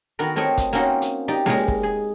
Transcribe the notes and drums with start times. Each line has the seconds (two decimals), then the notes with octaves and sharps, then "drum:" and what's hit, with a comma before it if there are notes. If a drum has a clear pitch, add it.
0.19 D#3 B3 F#4 A#4
0.36 A3 C4 A#4 C#5 D#5
0.57 drum: kick, hi-hat
0.73 A#3 C4 C#4 D#4 F#4 C5
1.02 drum: hi-hat
1.28 D#4 G4 D5
1.46 G#3 G4 G#4 A#4 C#5, drum: snare A#3
1.68 drum: kick
1.83 G#4